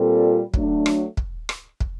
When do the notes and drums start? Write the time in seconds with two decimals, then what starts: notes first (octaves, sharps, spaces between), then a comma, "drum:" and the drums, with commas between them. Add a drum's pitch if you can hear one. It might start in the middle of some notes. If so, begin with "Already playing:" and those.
Already playing: A#2 G3 C4 F4 A4
0.54 F#3 A3 D4, drum: kick
0.86 drum: rim click
1.17 drum: kick
1.49 drum: rim click
1.80 drum: kick